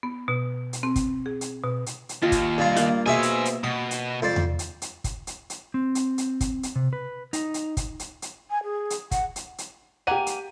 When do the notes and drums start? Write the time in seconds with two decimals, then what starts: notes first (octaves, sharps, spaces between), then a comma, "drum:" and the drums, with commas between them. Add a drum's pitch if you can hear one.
0.03 B3
0.28 B2
0.73 drum: hi-hat
0.83 C4
0.96 drum: kick, hi-hat
1.26 G#4
1.41 drum: hi-hat
1.64 B2
1.86 drum: hi-hat
2.09 drum: hi-hat
2.22 D#2 F4
2.32 drum: kick, hi-hat
2.58 G2 F4
2.76 A#3, drum: hi-hat
3.06 B2 G#4 C5 E5 G#5
3.23 drum: hi-hat
3.45 drum: hi-hat
3.64 B2 D#6
3.91 drum: hi-hat
4.22 F2 C5 D5
4.36 drum: tom E2
4.59 drum: hi-hat
4.82 drum: hi-hat
5.04 drum: kick, hi-hat
5.27 drum: hi-hat
5.50 drum: hi-hat
5.74 C4
5.95 drum: hi-hat
6.18 drum: hi-hat
6.41 drum: kick, hi-hat
6.63 drum: hi-hat
6.76 C3
6.93 B4
7.33 D#4, drum: hi-hat
7.54 drum: hi-hat
7.77 drum: kick, hi-hat
7.99 drum: hi-hat
8.22 drum: hi-hat
8.50 G#5
8.64 G#4
8.90 drum: hi-hat
9.11 F#5, drum: kick, hi-hat
9.36 drum: hi-hat
9.58 drum: hi-hat
10.07 A#3 G4 F#5 G#5 D#7
10.27 drum: hi-hat